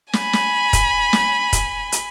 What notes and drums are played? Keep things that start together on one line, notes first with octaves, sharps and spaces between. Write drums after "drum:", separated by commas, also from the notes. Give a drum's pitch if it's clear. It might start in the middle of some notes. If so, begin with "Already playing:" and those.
G#5 B5, drum: snare
drum: snare
drum: kick, hi-hat
drum: snare
drum: kick, hi-hat
drum: hi-hat